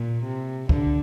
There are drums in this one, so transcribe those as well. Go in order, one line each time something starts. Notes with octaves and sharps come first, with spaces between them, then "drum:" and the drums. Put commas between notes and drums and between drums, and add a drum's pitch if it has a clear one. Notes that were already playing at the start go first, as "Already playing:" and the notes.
Already playing: A#2
C3
D3, drum: kick